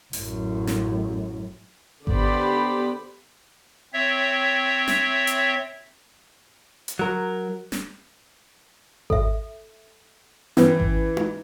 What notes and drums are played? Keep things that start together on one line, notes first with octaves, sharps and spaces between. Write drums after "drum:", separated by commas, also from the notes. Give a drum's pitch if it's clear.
A1 F#2, drum: open hi-hat
drum: snare
D3 B3 G4 C5 D5 B5, drum: kick G#1
C4 C#5 E5
drum: snare
drum: hi-hat
drum: hi-hat
F#3 A#4
drum: snare
A4 E5, drum: kick G#1
E3 C#4 B4, drum: snare
drum: kick G#1
drum: tom D#4